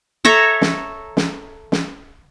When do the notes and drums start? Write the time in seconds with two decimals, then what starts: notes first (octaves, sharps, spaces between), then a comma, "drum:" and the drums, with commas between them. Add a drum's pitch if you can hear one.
0.25 A4 C#5 E5 A#5
0.61 drum: snare
1.17 drum: snare
1.72 drum: snare